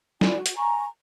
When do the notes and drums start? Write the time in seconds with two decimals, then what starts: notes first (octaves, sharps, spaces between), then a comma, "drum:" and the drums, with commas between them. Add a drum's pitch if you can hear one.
0.21 E4 F4 D5 G#5, drum: snare
0.36 F#4
0.46 drum: hi-hat
0.57 G#5 A#5 C#6